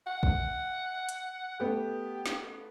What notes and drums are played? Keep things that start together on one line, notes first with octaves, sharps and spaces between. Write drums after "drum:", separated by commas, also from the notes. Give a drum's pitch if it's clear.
F#5
drum: kick
drum: hi-hat
A3 B3 G4
drum: snare